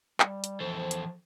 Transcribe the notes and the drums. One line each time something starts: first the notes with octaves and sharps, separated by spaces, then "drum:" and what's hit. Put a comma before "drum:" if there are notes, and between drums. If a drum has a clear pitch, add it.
G3, drum: clap
drum: hi-hat
E3 F3 A4 C5
drum: hi-hat